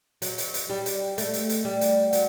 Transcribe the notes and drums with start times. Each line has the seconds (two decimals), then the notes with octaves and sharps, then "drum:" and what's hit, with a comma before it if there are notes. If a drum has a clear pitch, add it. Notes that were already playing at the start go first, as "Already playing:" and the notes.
0.22 F#3, drum: hi-hat
0.38 drum: hi-hat
0.54 drum: hi-hat
0.70 G3
0.86 drum: hi-hat
1.18 A3, drum: hi-hat
1.34 drum: hi-hat
1.49 drum: hi-hat
1.65 G3
1.81 drum: hi-hat
2.13 F#3, drum: hi-hat